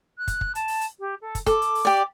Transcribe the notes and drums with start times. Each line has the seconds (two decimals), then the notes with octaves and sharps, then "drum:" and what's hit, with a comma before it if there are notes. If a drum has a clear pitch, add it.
0.18 F#6
0.28 drum: kick, hi-hat
0.41 drum: kick
0.55 A5, drum: hi-hat
0.68 drum: open hi-hat
0.81 drum: hi-hat
1.00 G4
1.21 A4
1.35 drum: kick, hi-hat
1.46 A4 D6, drum: kick, hi-hat
1.62 drum: hi-hat
1.75 drum: open hi-hat
1.85 G4 D5